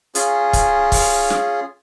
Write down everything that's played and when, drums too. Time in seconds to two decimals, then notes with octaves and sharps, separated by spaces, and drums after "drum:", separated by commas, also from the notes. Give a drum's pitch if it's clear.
0.15 C#4 F4 G#4, drum: hi-hat
0.53 drum: kick, hi-hat
0.92 drum: kick, open hi-hat
1.30 drum: snare